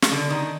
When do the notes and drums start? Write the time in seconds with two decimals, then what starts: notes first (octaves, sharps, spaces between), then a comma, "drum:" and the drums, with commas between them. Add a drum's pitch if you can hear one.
0.02 drum: snare
0.12 D3
0.30 D#3